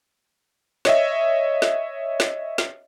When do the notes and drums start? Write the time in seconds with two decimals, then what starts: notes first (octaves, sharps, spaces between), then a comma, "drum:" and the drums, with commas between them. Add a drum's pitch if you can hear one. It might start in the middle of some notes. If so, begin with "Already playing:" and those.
0.85 C#5 D#5 E5, drum: snare
1.62 drum: snare
2.20 drum: snare
2.58 drum: snare